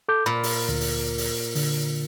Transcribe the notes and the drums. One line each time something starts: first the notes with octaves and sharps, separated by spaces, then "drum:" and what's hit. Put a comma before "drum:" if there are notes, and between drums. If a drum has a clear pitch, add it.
A4 D6 G6
A#2 B5
drum: open hi-hat
D2
drum: open hi-hat
drum: open hi-hat
D3, drum: open hi-hat